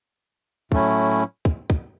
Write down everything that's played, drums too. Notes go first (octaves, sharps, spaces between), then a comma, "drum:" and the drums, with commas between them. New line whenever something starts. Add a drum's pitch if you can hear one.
A2 F#3 A3 C#4 E4, drum: kick
drum: kick
drum: kick